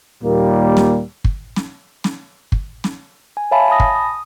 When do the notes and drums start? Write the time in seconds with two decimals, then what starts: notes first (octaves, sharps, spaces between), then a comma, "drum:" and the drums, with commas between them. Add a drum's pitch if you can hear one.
0.23 D#2 A#2 G3 A#3
0.77 drum: snare
1.24 drum: kick
1.56 drum: snare
2.04 drum: snare
2.52 drum: kick
2.84 drum: snare
3.37 G#5
3.51 C#5 E5 F5 G#5 A5 B5
3.69 G#5 A5 B5 D#6 A#6
3.80 drum: kick
3.96 D#6